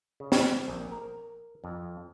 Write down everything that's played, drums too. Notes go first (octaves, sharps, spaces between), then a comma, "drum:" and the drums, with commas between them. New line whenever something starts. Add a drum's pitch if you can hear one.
C#3
drum: snare
A#1
A#4
F2